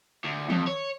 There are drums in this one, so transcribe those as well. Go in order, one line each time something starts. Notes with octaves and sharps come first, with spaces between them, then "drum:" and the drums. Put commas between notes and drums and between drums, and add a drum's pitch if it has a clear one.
D2
F2, drum: tom
C#5